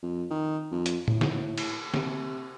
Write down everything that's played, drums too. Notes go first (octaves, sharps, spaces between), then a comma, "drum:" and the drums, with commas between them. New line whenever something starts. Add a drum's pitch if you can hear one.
F2
D#3
F2
drum: hi-hat
A2, drum: tom
drum: snare
drum: cymbal
C3, drum: snare